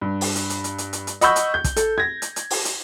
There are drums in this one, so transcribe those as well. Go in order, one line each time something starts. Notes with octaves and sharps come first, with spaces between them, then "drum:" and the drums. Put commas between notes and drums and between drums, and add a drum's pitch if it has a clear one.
G2
drum: open hi-hat
drum: hi-hat
drum: hi-hat
drum: hi-hat
drum: hi-hat
drum: hi-hat
drum: hi-hat
D#5 F#5 B5 C#6 E6 G6, drum: hi-hat
drum: hi-hat
G6
drum: kick, hi-hat
A4, drum: hi-hat
G#6 A#6
drum: hi-hat
drum: hi-hat
drum: open hi-hat
drum: hi-hat